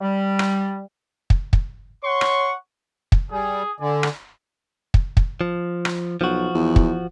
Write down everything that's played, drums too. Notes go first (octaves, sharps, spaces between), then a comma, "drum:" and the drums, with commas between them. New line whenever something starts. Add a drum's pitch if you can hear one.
G3
drum: rim click
drum: kick
drum: kick
C#5 F#5 C6 C#6
drum: rim click
drum: kick
G3 G#4
D3 D5 G#5
drum: rim click
drum: kick
drum: kick
F3
drum: rim click
B1 F3 F#4
E2
drum: kick